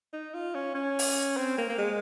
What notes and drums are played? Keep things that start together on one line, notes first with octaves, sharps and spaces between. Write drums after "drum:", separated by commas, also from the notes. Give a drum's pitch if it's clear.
D#4
F4
C#4
C#4
drum: open hi-hat
C4
A#3
A#3
G#3